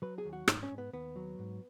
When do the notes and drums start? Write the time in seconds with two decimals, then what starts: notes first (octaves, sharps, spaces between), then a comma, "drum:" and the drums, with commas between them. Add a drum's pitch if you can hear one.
0.02 F#3 B4
0.18 G#4
0.25 D#2
0.33 F#4
0.48 G#2 D#4, drum: rim click
0.63 C#4
0.71 G#2
0.78 B3
0.93 D#2 B3
1.16 F#3
1.39 G#2